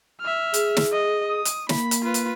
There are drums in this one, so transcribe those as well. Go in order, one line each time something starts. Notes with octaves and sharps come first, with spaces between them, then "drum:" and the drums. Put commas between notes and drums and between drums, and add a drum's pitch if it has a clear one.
E5 F6
G#4, drum: hi-hat
drum: snare
D#5
D#6
drum: hi-hat
A#3 B5, drum: snare
drum: hi-hat
F4 B4
drum: hi-hat